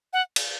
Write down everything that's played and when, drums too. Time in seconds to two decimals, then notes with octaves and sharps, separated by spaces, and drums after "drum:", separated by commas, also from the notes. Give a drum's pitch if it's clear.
0.13 F#5
0.36 drum: cymbal